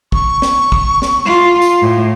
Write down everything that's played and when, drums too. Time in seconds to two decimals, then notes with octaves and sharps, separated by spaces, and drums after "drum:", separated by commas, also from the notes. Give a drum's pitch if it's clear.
0.12 C#6, drum: kick
0.42 drum: snare
0.72 drum: kick
1.02 drum: snare
1.25 F4
1.62 drum: tambourine
1.81 A2